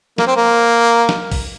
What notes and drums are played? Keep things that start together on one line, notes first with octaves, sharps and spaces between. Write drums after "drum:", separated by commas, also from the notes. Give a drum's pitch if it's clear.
A#3, drum: snare
C4
A#3
drum: snare
drum: kick, open hi-hat